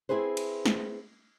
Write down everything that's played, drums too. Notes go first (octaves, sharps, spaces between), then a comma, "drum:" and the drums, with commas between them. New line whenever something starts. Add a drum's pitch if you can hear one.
C4 C#4 E4 G#4 B4 C5
drum: cymbal
drum: snare